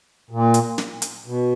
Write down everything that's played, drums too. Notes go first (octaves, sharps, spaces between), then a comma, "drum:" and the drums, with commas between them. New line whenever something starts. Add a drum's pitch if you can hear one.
A#2
drum: hi-hat
drum: snare
drum: hi-hat
B2